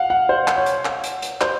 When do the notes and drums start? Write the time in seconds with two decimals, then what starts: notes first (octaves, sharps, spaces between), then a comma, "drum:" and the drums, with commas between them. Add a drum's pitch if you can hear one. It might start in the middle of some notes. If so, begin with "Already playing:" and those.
Already playing: F5 F#5
0.10 F#5
0.29 C5
0.48 drum: clap
0.57 C#5
0.66 drum: hi-hat
0.85 drum: clap
1.04 drum: hi-hat
1.22 drum: hi-hat
1.41 C5, drum: clap